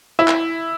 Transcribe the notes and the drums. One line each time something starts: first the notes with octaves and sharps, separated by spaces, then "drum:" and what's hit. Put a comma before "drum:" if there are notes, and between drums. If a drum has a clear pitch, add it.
E4
drum: clap